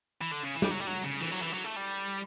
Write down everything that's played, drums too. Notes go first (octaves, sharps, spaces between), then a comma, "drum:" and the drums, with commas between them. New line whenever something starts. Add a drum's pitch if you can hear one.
E3
D3
C#3
E3
G3, drum: snare
F#3
G3
F#3
C#3
E3, drum: cymbal
F#3
E3
F#3
A3
G3